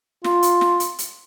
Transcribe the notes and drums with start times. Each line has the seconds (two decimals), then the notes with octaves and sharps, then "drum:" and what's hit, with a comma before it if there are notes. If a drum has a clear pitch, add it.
0.24 F4, drum: snare
0.42 drum: hi-hat
0.61 drum: snare
0.80 drum: hi-hat
0.99 drum: hi-hat